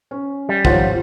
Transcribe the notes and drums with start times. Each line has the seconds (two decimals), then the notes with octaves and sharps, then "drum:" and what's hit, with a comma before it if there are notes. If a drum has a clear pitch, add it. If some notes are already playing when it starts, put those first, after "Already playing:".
0.11 C#4
0.49 G3
0.65 G#1 F3 F#3 F4 F#5, drum: kick